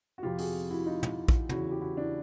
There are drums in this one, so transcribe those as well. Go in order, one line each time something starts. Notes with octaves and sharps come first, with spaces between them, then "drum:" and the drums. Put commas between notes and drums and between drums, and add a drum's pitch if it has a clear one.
F#4
F2 C3 F3 F4 G4
F#4 G#4, drum: open hi-hat
E4 F#4
D#4 F4
drum: tom
drum: kick A#1
E2 C#3 E3 E4 F#4, drum: tom
G4
E4 F#4
D4 E4